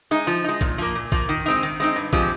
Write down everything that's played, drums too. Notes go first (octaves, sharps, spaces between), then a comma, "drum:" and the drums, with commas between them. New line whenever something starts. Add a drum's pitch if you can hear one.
G#3 D#4
F3
G#3 D#4
A#2, drum: kick A#1
F3 A#3
A#2
F3 A#3, drum: kick A#1
D#3
G#3 C4 D#4
D#3
G#3 C4 D#4
G2
F3 G#3 C4 G4, drum: kick A#1